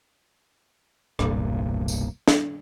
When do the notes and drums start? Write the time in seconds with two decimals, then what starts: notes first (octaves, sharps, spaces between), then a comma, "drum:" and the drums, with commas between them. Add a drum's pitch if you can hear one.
1.19 E1 C2 G2 A#2, drum: rim click
1.88 drum: tambourine
2.28 drum: snare